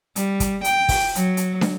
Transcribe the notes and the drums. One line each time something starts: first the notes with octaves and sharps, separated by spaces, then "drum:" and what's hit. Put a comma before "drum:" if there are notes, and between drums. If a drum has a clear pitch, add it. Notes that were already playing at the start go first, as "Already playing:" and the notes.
G3, drum: hi-hat
drum: kick, hi-hat
G5, drum: hi-hat
drum: kick, open hi-hat
F#3, drum: hi-hat
drum: hi-hat
drum: snare